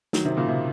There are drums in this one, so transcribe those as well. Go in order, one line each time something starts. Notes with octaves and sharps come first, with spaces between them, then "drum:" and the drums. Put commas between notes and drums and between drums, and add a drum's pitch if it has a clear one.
D#3 F#3, drum: snare
C3 D#3
A#2 C#3
C3